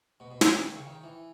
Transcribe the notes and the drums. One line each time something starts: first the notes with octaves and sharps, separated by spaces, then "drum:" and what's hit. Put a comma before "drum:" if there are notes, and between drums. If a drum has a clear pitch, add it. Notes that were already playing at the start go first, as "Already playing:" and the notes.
B2
B2
drum: snare
E3
D#3
C#3
D#3
E3